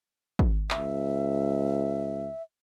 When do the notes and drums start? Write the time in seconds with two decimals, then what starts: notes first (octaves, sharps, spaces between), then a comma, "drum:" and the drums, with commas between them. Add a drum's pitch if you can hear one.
0.39 drum: kick
0.70 C#2 E5, drum: clap